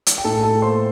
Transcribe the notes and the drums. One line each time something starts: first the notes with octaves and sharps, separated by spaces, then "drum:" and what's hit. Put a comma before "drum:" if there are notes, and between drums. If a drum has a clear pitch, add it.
drum: hi-hat
G5
A2 A4 A5
A4 A5
A#3 C5 C6